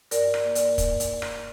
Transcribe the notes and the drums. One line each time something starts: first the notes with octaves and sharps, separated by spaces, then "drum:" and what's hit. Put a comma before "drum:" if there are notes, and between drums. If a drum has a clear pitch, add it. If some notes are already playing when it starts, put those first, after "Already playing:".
G2 A#4 D5, drum: hi-hat
drum: rim click
A#3
A#4 D5, drum: hi-hat
drum: kick, hi-hat
drum: hi-hat
drum: rim click